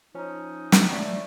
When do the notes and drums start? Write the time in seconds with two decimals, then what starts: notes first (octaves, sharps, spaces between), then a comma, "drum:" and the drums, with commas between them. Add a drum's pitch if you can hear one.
0.15 F3 C#4 D#4
0.72 F#4, drum: snare
0.90 A3 D5